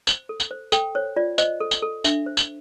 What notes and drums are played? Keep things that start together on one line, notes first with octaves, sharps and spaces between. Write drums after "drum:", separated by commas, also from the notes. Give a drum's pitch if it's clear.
C5, drum: tambourine
A4
drum: tambourine
C5
A4 G5, drum: tambourine
C5 C#5
F4 D5
C5 D#5, drum: tambourine
A4
drum: tambourine
A4
D4 E5, drum: tambourine
C5
drum: tambourine